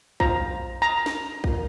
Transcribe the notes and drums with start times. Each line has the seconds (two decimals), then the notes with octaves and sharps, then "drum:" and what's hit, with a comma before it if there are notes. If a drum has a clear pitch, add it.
0.20 F4 C5 A#5, drum: kick A#1
0.82 A#5
1.06 drum: snare
1.44 F4 A#4, drum: kick A#1